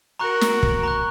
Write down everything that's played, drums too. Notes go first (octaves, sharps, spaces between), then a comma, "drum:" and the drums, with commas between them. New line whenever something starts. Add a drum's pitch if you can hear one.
F#4 A#4 A#5 C#6 F#6
drum: snare
drum: kick
A#5 C#6 F#6